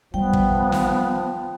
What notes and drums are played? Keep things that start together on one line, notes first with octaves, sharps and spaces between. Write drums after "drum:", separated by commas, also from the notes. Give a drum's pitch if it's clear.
F3 G3 B3 G5
drum: kick
drum: snare